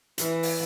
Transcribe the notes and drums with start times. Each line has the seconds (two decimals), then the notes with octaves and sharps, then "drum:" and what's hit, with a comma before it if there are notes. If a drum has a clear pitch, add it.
0.18 E3, drum: hi-hat
0.43 drum: open hi-hat